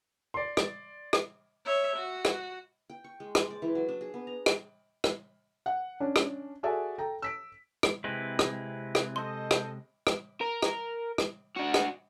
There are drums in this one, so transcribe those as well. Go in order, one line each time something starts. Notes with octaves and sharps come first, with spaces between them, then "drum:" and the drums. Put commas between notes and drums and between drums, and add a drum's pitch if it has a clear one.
D5 C6
drum: rim click
drum: rim click
C#5 E5
F#4
drum: rim click
G5
C#6
G#3
C5, drum: rim click
D5
E3
F#3
D4
G#4
B3
A#5
D4, drum: rim click
drum: rim click
F#5
C#4 D4
drum: rim click
F#4 G#4 A4 D5 E5 G#5
A4 G5 A#5
E6 B6 D7
drum: rim click
C3 G#3 C4 E4 B4
drum: rim click
drum: rim click
A4 C5 D#5 C6
drum: rim click
drum: rim click
A#4
drum: rim click
drum: rim click
D4 F#4
drum: rim click